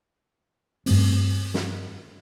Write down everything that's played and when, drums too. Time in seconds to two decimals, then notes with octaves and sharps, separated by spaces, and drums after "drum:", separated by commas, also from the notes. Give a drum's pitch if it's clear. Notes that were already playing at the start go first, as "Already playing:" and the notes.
0.86 G2 A3 C4, drum: open hi-hat
1.54 drum: snare